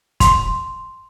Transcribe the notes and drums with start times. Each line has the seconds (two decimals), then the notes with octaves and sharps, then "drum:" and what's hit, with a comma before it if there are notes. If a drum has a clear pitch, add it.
0.20 C6, drum: kick, hi-hat